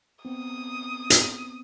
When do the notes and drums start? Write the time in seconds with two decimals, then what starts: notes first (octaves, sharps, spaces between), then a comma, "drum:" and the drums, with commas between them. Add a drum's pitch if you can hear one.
0.25 B3 C4 D#6
1.10 drum: hi-hat